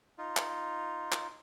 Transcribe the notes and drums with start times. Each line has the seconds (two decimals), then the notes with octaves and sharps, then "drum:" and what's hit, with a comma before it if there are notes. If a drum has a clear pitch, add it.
0.18 D#4 F4
0.37 drum: clap
1.12 drum: clap